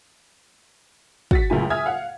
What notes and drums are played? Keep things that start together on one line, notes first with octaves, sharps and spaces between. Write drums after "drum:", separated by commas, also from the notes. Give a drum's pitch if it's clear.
F#4 A6 B6, drum: kick
C#2 F#2 A2 G#5
E5 G#5 D#6 F6 G#6
F5 F#5